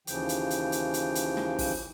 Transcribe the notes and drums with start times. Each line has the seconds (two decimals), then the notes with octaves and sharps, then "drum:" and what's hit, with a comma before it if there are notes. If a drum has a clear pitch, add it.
0.07 D#2 C#3 E3 F3 G5, drum: hi-hat
0.29 drum: hi-hat
0.50 drum: hi-hat
0.72 drum: hi-hat
0.94 drum: hi-hat
1.15 drum: hi-hat
1.37 drum: snare
1.59 drum: kick, open hi-hat